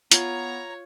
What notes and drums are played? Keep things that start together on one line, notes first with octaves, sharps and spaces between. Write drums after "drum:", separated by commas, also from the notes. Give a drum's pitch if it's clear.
B3 F4 C#5 A#5, drum: hi-hat